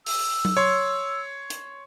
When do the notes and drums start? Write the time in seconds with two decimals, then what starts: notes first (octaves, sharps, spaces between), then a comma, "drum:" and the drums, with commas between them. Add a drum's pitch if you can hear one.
0.06 E6, drum: open hi-hat
0.45 drum: tom F#3
0.57 C#5 C6
1.50 drum: hi-hat